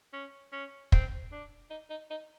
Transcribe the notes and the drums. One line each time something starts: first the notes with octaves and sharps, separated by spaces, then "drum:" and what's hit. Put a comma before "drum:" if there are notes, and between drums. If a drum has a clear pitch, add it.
C#4
C#4
C4, drum: kick
D4
D#4
D#4
D#4